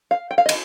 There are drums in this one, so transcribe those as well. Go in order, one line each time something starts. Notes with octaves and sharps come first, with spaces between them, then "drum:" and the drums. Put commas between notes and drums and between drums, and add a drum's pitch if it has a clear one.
F5
G5
F5
D#5
D#3, drum: cymbal